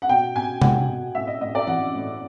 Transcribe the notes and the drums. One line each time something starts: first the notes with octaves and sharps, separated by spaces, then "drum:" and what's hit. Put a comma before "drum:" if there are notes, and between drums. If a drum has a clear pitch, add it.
F#5
B2 G5
B2 G#5
B2 F#5, drum: tom
B2
A2 E5
D#5
A2 D#5
D5
E3 F#5
A2